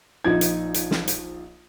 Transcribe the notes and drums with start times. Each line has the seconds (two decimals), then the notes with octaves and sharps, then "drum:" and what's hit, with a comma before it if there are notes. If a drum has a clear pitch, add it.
0.24 A#1 F3 D#4 G#6
0.41 drum: hi-hat
0.74 drum: hi-hat
0.91 drum: snare
1.08 drum: hi-hat